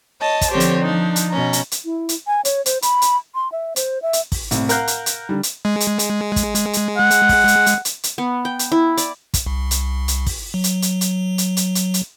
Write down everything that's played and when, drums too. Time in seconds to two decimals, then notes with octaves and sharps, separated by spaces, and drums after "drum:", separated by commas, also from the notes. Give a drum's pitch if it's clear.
0.21 C#5 D#5 A5
0.41 drum: kick, hi-hat
0.51 D3 F3 C4 G4 C5 C#5
0.60 drum: hi-hat
0.82 F3 D4 D#4
1.16 drum: hi-hat
1.31 B2 C#4 A#5
1.53 drum: hi-hat
1.72 drum: hi-hat
1.85 E4
2.09 drum: hi-hat
2.27 G#5
2.45 C#5, drum: hi-hat
2.66 C5, drum: hi-hat
2.82 B5, drum: hi-hat
3.02 drum: hi-hat
3.35 C6
3.52 E5
3.76 C5, drum: hi-hat
4.02 E5
4.13 drum: hi-hat
4.32 drum: kick, open hi-hat
4.51 C2 A2 C3, drum: hi-hat
4.69 A#4 F5 F#5 F#6 G6, drum: hi-hat
4.87 drum: hi-hat
5.06 drum: hi-hat
5.29 D3 G3
5.43 drum: hi-hat
5.65 G#3
5.80 drum: hi-hat
5.99 drum: hi-hat
6.36 drum: kick, hi-hat
6.55 drum: hi-hat
6.73 drum: hi-hat
6.97 F#5
7.11 drum: hi-hat
7.29 drum: kick, open hi-hat
7.48 drum: hi-hat
7.66 drum: hi-hat
7.85 drum: hi-hat
8.03 drum: hi-hat
8.18 B3
8.45 G5
8.59 drum: hi-hat
8.72 E4
8.97 D5, drum: hi-hat
9.34 drum: kick, hi-hat
9.47 C2
9.71 drum: hi-hat
10.08 drum: hi-hat
10.27 drum: kick, open hi-hat
10.54 F#3
10.64 drum: hi-hat
10.82 drum: hi-hat
11.01 drum: hi-hat
11.38 drum: hi-hat
11.57 drum: hi-hat
11.75 drum: hi-hat
11.94 drum: hi-hat